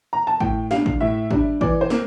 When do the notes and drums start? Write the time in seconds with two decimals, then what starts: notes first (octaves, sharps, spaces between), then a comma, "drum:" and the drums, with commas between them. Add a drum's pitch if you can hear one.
0.13 A#5
0.27 A5
0.40 A2 G5, drum: kick
0.71 G3 D4 F5, drum: snare
0.86 drum: kick
1.00 A2 E5
1.31 G3 D4, drum: kick
1.61 E3 D5, drum: kick
1.81 C5
1.90 A#3, drum: snare